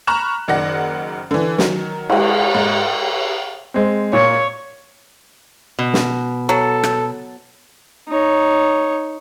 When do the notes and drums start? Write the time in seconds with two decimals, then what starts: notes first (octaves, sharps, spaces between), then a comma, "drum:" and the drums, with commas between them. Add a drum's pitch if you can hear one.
0.07 A#5 B5 C#6 F6 F#6 E7
0.48 F#1 D#3 D5 F#5 A#6
1.31 D3 E3
1.58 D#3 F#3, drum: snare
2.10 G#3 E4, drum: cymbal
2.55 G#2
3.74 G#3 C4
4.13 A#2 C#5
5.79 B2
5.94 drum: snare
6.49 F#3 A4
6.83 drum: rim click
8.09 D#4 C#5